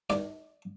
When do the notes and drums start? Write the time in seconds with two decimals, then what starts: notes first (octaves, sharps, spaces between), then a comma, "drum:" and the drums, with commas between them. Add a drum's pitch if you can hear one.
0.10 D5, drum: snare D#4